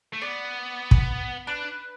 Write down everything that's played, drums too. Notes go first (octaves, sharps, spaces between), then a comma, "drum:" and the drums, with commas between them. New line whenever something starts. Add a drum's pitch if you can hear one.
A3
B3 D5
drum: kick
D4 B4